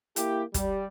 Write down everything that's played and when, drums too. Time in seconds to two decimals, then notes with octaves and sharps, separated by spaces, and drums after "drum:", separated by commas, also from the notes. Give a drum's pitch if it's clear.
0.16 A#3 E4 G4, drum: hi-hat
0.54 G3, drum: kick, hi-hat